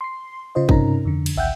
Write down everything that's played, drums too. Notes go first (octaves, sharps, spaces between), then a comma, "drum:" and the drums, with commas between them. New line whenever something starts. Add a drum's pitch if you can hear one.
C6 C7
C#3 F4 C5 D#5
G2 C3 C#4 D#4 A#4 A#5, drum: kick
F2 D3
drum: cymbal
G#1 C#2 E5 F#5 G5 G6